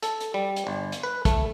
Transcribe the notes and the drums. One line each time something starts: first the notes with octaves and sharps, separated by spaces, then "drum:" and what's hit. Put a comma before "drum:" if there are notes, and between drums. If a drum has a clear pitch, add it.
A4, drum: hi-hat
drum: hi-hat
G3
drum: hi-hat
G1
drum: hi-hat
B4
A3, drum: kick, hi-hat